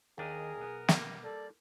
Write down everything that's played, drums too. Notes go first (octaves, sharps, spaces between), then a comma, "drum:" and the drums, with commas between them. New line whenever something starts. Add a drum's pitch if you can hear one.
D#2 D#3 D4 G4 G#4 A#4 D#5
B1 B3
G3 A#3, drum: snare
A4 D5